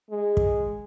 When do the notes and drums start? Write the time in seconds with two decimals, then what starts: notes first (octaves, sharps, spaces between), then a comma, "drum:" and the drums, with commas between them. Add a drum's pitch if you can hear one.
0.10 G#3
0.37 drum: kick